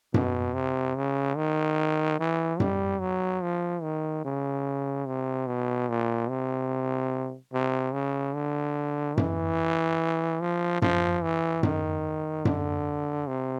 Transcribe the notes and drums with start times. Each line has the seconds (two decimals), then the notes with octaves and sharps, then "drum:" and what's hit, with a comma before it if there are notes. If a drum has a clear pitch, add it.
0.14 B2, drum: tom F#2
0.54 C3
0.96 C#3
1.37 D#3
2.20 E3
2.60 G3, drum: tom F#2
3.01 F#3
3.43 F3
3.83 D#3
4.25 C#3
5.07 C3
5.47 B2
5.89 A#2
6.30 C3
7.53 C3
7.93 C#3
8.35 D3
9.17 E3, drum: tom F#2
10.41 F3
10.82 F3, drum: tom F#2
11.23 E3
11.63 D#3, drum: tom F#2
12.45 D3, drum: tom F#2
13.27 C3